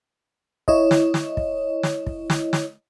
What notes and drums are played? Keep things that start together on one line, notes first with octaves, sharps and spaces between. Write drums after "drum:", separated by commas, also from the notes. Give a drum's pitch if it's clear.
E4 C#5 D#5, drum: kick
drum: snare
drum: snare
drum: kick
drum: snare
drum: kick
drum: snare
drum: snare